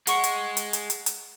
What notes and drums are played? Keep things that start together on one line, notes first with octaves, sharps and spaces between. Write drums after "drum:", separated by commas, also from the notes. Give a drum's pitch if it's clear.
G#3 F#5 C#6 C#7, drum: hi-hat
drum: hi-hat
drum: hi-hat
drum: hi-hat
drum: hi-hat
drum: hi-hat